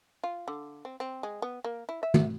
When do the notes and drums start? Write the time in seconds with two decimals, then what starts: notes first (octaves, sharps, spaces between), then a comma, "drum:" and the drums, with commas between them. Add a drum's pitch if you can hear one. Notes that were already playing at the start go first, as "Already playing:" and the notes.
0.24 F4
0.48 D3
0.85 C4
1.00 C4
1.23 G#3
1.42 B3
1.64 A#3
1.89 E4
2.03 E5
2.14 drum: tom